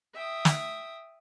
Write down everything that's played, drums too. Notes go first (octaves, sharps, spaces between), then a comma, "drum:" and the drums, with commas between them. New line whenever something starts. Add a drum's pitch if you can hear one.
E5 G5 D#6
drum: snare